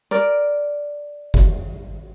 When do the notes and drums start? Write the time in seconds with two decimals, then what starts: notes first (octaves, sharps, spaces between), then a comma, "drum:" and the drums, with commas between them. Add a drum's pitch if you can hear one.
0.11 A#4 D5
1.34 drum: kick F#1